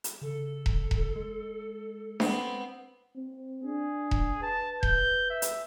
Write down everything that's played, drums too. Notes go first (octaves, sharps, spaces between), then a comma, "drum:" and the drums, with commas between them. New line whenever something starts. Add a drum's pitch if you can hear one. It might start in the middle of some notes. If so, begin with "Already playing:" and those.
drum: hi-hat
C#3 A4
drum: kick E1
drum: kick E1
G#3
B3 C4, drum: snare D4
C4
D4 G#4
drum: kick E1
B4 A5
G6, drum: kick E1
E5
drum: hi-hat